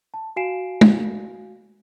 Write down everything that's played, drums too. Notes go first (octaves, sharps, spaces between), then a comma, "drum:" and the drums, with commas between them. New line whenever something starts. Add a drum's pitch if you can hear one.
A5
F#4 F5 G#5 C7 D7 E7
drum: tom